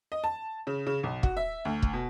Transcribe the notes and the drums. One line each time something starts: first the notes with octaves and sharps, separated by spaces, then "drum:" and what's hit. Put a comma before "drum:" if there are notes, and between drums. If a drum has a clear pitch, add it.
D#5
A5
C#3
C#3
B1
F#4, drum: kick
E5
D2
drum: kick
B2